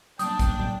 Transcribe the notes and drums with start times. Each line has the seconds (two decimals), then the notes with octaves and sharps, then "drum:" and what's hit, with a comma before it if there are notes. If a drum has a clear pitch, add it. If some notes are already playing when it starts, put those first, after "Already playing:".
0.19 F#3 G3 A#3 D4 G5 D#6, drum: hi-hat
0.39 drum: kick, hi-hat
0.59 drum: tom